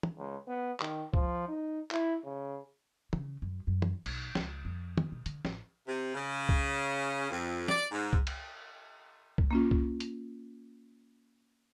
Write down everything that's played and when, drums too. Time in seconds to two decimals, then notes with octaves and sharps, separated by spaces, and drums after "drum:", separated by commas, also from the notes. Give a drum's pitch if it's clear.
0.03 drum: tom
0.17 C#2
0.47 B3
0.80 D#3, drum: clap
1.14 F3, drum: kick C2
1.48 D#4
1.91 E4, drum: clap
2.24 C#3
3.13 C#3, drum: tom
3.42 F#2
3.67 F#2
3.82 drum: tom
4.06 B1, drum: cymbal
4.35 C#2, drum: snare
4.65 F2
4.98 drum: tom
5.12 B2
5.26 D3, drum: hi-hat
5.45 A1, drum: snare
5.87 C3
6.15 C#3
6.49 drum: kick C2
7.31 F2
7.68 D5, drum: snare
7.91 G#2
8.13 drum: kick C2
8.27 drum: cymbal
9.38 drum: kick C2
9.51 A#3 C#4 F4
9.71 drum: kick C2
10.00 drum: hi-hat